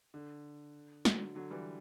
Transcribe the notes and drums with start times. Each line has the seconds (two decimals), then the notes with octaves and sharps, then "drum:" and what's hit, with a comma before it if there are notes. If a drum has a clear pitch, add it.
0.14 D3
1.05 D3 F#3, drum: snare
1.35 D3 F#3
1.50 E3 G3